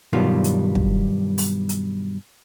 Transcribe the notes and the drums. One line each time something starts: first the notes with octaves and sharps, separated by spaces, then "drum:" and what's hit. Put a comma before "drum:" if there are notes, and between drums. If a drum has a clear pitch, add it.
G2 B2 D#3 F#3 G3 F4
drum: hi-hat
drum: kick
drum: open hi-hat
drum: hi-hat